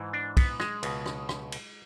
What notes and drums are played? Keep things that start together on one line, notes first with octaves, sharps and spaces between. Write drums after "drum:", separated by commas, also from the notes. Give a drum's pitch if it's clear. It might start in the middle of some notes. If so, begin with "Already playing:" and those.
Already playing: G#2 E3
D4
B3, drum: kick, cymbal
G#3, drum: rim click
C#2 B2, drum: cymbal
drum: rim click
drum: rim click
drum: cymbal